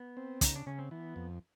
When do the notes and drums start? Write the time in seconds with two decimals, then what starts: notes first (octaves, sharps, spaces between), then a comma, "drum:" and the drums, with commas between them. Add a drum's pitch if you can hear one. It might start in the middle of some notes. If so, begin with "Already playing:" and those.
Already playing: B3
0.17 C4
0.41 C#3 D#4, drum: kick, hi-hat
0.56 D4
0.66 C#3 C#4
0.79 C4
0.91 E3 B3
1.16 F2